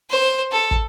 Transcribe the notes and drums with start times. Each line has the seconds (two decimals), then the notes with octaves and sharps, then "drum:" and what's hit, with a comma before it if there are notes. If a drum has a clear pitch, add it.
0.10 C5
0.52 A4
0.71 drum: kick